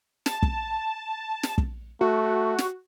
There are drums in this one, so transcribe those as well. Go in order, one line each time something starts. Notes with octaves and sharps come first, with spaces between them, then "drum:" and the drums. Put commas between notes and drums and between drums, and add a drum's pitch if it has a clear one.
A5, drum: snare
drum: kick
drum: snare
drum: kick
A3 F#4
drum: snare